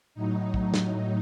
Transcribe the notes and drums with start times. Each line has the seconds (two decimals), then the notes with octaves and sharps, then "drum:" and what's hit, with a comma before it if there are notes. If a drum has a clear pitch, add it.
0.14 A2 F#3 D#4
0.54 drum: kick
0.74 drum: snare